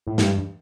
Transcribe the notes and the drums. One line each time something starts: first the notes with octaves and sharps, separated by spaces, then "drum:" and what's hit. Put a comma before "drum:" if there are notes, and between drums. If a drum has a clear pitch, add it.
A2
G2, drum: snare